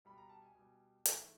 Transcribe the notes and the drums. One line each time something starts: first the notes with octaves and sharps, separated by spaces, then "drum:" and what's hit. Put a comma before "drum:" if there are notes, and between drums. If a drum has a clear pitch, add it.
B2 G3 B5
A#5
A5
G#5
B2 G3
G#2 E3 A3, drum: hi-hat